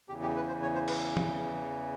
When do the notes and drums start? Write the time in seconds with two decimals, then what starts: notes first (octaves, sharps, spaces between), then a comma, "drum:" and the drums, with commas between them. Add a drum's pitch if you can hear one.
0.09 E2 C#3 E3 G4
0.22 G4
0.36 B4
0.48 C5
0.62 C#5
0.75 C5
0.88 B4, drum: cymbal
1.17 drum: tom